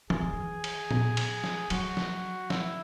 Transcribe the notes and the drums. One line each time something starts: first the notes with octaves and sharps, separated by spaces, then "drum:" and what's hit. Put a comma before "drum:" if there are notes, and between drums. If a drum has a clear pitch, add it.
E3 G#4, drum: tom E3
D#3
E3
drum: cymbal
drum: tom A#2
drum: cymbal
drum: snare
F#3 F#4, drum: cymbal
drum: snare
E4, drum: snare